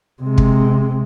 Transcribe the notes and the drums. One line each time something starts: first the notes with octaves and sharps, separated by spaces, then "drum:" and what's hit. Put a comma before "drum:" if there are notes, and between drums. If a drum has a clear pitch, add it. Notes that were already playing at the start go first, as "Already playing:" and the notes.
C3 G#3
drum: kick